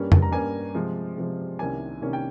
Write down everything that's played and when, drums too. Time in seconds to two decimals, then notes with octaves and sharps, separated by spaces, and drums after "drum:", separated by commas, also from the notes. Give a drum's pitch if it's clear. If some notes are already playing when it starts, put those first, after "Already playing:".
Already playing: G2 G3 A#3 C#4
0.12 drum: tom F2
0.22 A#5
0.32 G2 G3 A#3 C#4 G#5
0.74 C3 F3 G#3
1.17 C3 F3 G#3
1.59 C2 C3 D#3 A#3 C#4 G#5
2.02 C2 C3 D#3 A#3 C#4
2.13 G5